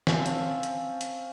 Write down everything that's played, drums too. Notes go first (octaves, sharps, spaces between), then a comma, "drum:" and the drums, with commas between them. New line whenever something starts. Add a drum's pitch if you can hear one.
C4 C#4 F5 A5, drum: snare
drum: hi-hat
drum: hi-hat
drum: hi-hat